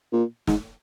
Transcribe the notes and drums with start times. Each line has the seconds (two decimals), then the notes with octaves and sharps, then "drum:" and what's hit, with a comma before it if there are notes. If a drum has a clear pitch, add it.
0.13 A#2
0.47 G#2, drum: snare